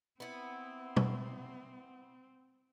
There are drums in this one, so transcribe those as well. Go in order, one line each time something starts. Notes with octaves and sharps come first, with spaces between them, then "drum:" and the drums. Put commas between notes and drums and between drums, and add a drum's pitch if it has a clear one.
B3 C4 E4
drum: tom